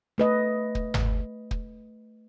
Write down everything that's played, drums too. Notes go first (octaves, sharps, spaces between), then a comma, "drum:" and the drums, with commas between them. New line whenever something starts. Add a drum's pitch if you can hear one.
A3 B4 D#5
drum: kick
drum: tom G1
drum: kick